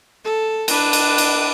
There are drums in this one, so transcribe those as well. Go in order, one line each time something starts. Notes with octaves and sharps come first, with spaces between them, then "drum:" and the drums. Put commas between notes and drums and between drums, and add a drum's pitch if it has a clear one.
A4
D4 B4, drum: cymbal
drum: cymbal
drum: cymbal